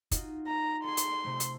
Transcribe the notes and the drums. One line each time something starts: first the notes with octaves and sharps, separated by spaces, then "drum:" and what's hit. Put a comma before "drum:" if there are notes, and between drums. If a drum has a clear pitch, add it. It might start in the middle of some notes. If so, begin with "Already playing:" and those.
D#4 F4 F#4, drum: kick, hi-hat
A#5
G#4 A4 C6
drum: hi-hat
C3 A3
drum: hi-hat